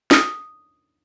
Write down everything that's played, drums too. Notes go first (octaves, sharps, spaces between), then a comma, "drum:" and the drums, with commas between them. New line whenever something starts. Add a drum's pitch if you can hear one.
D#6, drum: snare